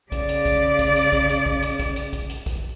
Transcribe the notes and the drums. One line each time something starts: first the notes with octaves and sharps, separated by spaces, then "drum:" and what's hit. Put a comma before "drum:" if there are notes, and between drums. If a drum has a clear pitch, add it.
C#3 D5, drum: kick, hi-hat
drum: hi-hat
drum: kick, hi-hat
drum: kick, hi-hat
drum: hi-hat
drum: kick, hi-hat
drum: hi-hat
drum: kick
drum: hi-hat
drum: kick, hi-hat
drum: hi-hat
drum: kick, hi-hat
drum: hi-hat
drum: kick, hi-hat